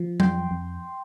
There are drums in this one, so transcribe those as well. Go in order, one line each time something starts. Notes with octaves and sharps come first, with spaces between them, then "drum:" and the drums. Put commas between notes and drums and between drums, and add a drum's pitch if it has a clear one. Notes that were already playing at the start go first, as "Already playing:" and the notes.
Already playing: F3
F2 G5 C6, drum: tom F#3
F2